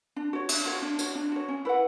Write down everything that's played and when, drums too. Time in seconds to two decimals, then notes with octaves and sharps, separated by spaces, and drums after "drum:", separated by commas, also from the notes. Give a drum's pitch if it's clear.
0.16 D4
0.33 F#4 C#5
0.49 D4, drum: cymbal
0.66 F#4 C#5
0.82 D4
0.99 F#4 C#5, drum: tambourine
1.15 D4
1.32 F#4 C#5
1.48 C#4
1.65 E4 B4 F#5